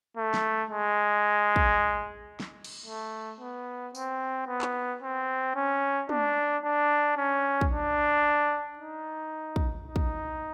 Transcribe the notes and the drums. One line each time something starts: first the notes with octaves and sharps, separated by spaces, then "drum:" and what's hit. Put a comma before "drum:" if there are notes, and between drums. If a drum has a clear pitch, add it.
A3
drum: snare
G#3
drum: kick
drum: snare
drum: cymbal
A3
B3
C4, drum: tambourine
B3
drum: clap
C4
C#4
D4, drum: tom
D4
C#4
drum: kick
D4
D#4
drum: kick
D#4
drum: kick